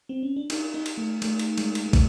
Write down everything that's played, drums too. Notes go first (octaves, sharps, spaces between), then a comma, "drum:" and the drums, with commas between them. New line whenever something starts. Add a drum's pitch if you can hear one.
C4
C#4
D4
D#4, drum: cymbal
D#4
drum: cymbal
A3
A3, drum: cymbal
drum: cymbal
G#3, drum: cymbal
drum: cymbal
G#3
A3, drum: kick, cymbal